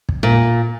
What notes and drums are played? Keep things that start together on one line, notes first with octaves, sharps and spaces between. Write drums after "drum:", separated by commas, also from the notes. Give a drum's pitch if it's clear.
drum: kick
A#2